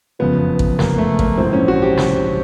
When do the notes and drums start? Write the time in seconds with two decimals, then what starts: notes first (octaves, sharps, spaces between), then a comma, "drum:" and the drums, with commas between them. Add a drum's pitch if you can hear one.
0.19 F#1 F2 C#3 F3 B3
0.59 drum: kick A1
0.79 A#3, drum: snare
0.98 A3
1.19 A#3, drum: kick A1
1.38 A#1 G#2 E3 C4
1.53 C#4
1.68 F#4
1.82 G4
1.97 drum: snare